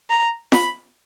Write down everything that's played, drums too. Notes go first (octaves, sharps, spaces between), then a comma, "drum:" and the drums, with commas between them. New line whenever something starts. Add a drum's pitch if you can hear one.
A#5
B5, drum: snare